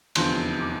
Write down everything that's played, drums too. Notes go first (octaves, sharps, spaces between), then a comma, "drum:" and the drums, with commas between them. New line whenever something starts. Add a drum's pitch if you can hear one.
F1 E2 D3 F3 C6, drum: cymbal
D6